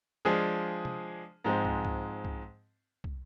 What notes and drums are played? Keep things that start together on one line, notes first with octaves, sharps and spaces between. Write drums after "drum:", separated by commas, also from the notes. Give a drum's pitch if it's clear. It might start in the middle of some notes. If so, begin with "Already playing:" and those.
F3 G#3 D4 G#4
drum: tom C3
G#2 F3 G#3 C4
drum: kick
drum: kick
drum: kick
drum: kick